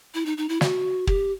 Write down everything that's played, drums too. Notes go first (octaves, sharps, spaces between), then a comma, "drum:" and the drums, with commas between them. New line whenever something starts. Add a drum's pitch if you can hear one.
E4
D#4
D#4
E4
F#4, drum: snare
G4, drum: kick